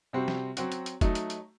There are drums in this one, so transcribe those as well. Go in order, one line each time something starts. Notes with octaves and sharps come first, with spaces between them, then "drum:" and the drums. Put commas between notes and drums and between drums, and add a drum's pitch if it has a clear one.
C3 G3 C4 F#4
drum: snare
F#3 C4 F#4, drum: hi-hat
drum: hi-hat
drum: hi-hat
F#3 A3 D#4, drum: kick F1, hi-hat
drum: hi-hat
drum: hi-hat